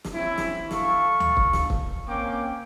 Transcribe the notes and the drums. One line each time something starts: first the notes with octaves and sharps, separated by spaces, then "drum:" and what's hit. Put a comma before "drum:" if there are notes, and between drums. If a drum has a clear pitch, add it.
drum: snare
C4 C#4 E4
drum: snare
A4 F5 C#6, drum: snare
drum: tom D2
drum: kick
drum: snare
drum: kick
A#3 C4 C#4 G5 D6